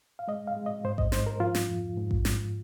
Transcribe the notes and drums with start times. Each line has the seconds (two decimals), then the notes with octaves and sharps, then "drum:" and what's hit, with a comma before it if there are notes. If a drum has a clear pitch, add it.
0.19 F5
0.28 G#3 D#5
0.47 F5
0.57 G#3
0.66 D#5
0.84 G#2 C5
0.98 D#5, drum: kick A1
1.12 G#2 C5, drum: snare
1.27 A#4
1.40 F3 F4
1.55 drum: snare
1.69 F2
1.97 G#2
2.11 drum: kick A1
2.25 G#2, drum: snare